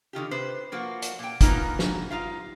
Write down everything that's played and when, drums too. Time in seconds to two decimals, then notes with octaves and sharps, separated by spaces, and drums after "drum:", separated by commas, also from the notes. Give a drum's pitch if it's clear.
0.13 D3 D#3 F4 G4
0.31 C3 B4 C5
0.72 F3 A#3 F#4
1.02 drum: hi-hat
1.19 A#2 G5
1.41 E3 A#3 B3 C#4 D#4 F4, drum: kick, hi-hat
1.79 drum: snare
2.11 G3 D#4 F4 F5